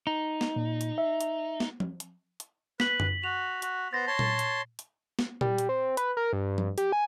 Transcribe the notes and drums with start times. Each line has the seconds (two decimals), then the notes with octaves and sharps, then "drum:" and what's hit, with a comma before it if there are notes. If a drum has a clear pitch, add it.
0.07 D#4
0.41 drum: snare
0.56 A#2
0.81 drum: hi-hat
0.98 E5
1.21 drum: hi-hat
1.60 drum: snare
1.80 drum: tom F3
2.00 drum: hi-hat
2.40 drum: hi-hat
2.80 B4 B6 F#7, drum: snare
3.00 drum: tom F#2
3.24 F#4 F7
3.62 F#4, drum: hi-hat
3.93 B3 C5 A6 A#6
4.07 C#5 A5 C6
4.19 drum: tom A#2
4.39 drum: hi-hat
4.79 drum: hi-hat
5.19 drum: snare
5.41 G3, drum: tom A#2
5.58 drum: hi-hat
5.69 C4
5.97 B4, drum: hi-hat
6.17 A#4
6.33 G2
6.58 drum: tom F3
6.78 G4, drum: hi-hat
6.92 G#5